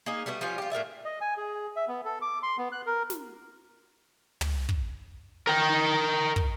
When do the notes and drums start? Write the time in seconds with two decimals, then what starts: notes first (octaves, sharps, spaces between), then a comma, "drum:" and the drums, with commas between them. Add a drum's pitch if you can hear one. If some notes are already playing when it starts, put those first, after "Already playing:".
0.06 A#3 C#4 D#4 G#4
0.26 G3 A3 B3 F#4
0.41 F3 G3 C#4 F4
0.58 F4 G4
0.72 A2 A#4 D5 E5
1.05 D#5
1.21 G#5
1.37 G#4
1.76 E5
1.88 B3
2.05 A4
2.22 D6
2.43 C6
2.58 B3
2.72 F#6
2.87 A#4
3.10 drum: snare
4.41 drum: tom
4.69 drum: kick
5.47 A#4 G5
6.36 drum: kick